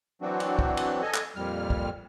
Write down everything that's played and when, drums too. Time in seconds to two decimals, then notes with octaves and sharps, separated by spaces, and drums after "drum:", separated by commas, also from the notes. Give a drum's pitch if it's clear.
0.21 E3 F#3 C4 D4 F#4
0.40 drum: cymbal
0.59 drum: kick
0.77 drum: cymbal
1.02 A4 D#5 G#5
1.14 drum: clap
1.36 F2 A#2 G3 F6
1.70 drum: kick